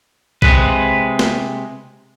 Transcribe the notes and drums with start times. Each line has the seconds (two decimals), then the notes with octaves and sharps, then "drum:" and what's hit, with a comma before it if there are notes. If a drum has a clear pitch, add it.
0.42 C3 G#3 B4, drum: kick A#1
1.19 drum: snare